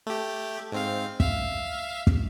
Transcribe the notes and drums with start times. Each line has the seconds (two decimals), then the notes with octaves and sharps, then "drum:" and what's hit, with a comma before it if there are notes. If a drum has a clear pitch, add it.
0.07 A3 G4
0.72 G#2 C4 F5
1.20 E5 F5, drum: kick
2.07 drum: kick